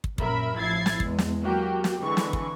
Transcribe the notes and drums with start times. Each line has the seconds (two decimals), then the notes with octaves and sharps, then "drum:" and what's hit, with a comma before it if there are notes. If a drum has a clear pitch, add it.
0.04 drum: kick
0.18 A#1 F#2 A#4 E5 B5, drum: kick
0.58 A1 F3 E4 G#6 A6 C7
0.86 drum: snare
1.00 E2 G#3, drum: kick
1.19 drum: snare
1.43 F#3 A#3 F#4 G4
1.84 drum: snare
2.00 D3 E3 G#3 C#6
2.17 drum: snare
2.33 drum: kick